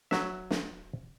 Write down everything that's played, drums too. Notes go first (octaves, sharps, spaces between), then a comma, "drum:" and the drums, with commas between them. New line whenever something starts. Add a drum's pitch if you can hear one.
F#3 E5, drum: snare
drum: snare